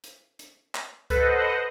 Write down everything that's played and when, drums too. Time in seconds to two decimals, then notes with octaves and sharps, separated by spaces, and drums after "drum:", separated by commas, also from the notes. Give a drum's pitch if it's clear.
0.04 drum: hi-hat
0.39 drum: hi-hat
0.75 drum: clap
1.10 A4 B4 C5 D#5 F#5, drum: kick C#2, hi-hat